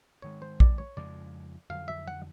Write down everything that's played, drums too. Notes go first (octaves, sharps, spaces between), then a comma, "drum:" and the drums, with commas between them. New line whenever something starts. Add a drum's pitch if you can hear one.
G#2 D#3 G#3 C#5
C5
D5, drum: kick A#1
C#5
F2 C#3 F3 G#3 D5
F2 D3 F#3 F5
E5
F#5